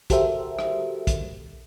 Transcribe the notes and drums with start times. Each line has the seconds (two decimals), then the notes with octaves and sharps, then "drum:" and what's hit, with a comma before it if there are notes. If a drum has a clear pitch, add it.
0.10 F#4 G4 A4 A#4 C5 E5, drum: kick, hi-hat
0.59 drum: rim click
1.07 drum: kick, hi-hat